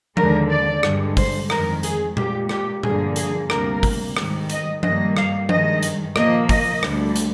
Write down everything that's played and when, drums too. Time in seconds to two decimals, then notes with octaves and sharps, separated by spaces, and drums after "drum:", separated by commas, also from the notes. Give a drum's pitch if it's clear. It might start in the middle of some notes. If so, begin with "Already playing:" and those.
0.17 D#2 D3 G#3 A#4, drum: tom F3
0.50 D5
0.83 G2 D3 G#3, drum: rim click
1.17 C5, drum: kick, open hi-hat
1.50 F2 D#3 G#3 A#4, drum: rim click
1.83 G#4, drum: hi-hat
2.17 A#2 G#3 G4, drum: tom A#2
2.49 G4, drum: rim click
2.83 G2 D3 F3 A#3 G#4, drum: tom A#2
3.16 G#4, drum: hi-hat
3.50 D2 C3 G3 A#3 A#4, drum: rim click
3.83 drum: kick, open hi-hat
4.17 G#2 D#3 G3, drum: rim click
4.50 D#5, drum: hi-hat
4.83 G2 D#3 G3 A#3 D#5, drum: tom F3
5.17 F5, drum: rim click
5.49 G2 D#3 G#3 D#5, drum: tom F3
5.83 drum: hi-hat
6.16 A#2 F3 A#3 D#5, drum: rim click
6.49 D#5, drum: kick, open hi-hat
6.83 D2 D3 G3, drum: rim click
7.16 drum: hi-hat